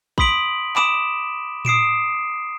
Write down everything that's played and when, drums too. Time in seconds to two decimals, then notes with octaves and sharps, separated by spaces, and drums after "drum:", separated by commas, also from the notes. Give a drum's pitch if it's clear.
0.18 B5 C6 D#6 B6 D7 F#7, drum: kick
0.76 B5 D6 D#6 D7 E7, drum: clap
1.65 D#6 C7 D7 E7, drum: tom A2